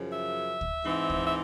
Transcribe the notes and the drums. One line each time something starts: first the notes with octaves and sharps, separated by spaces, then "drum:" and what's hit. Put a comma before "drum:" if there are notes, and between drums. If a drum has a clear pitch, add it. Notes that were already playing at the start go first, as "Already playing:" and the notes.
Already playing: F#2 C#3 F3
E5
drum: kick
G#2 E3 G#3 C4 D#4
drum: kick
E5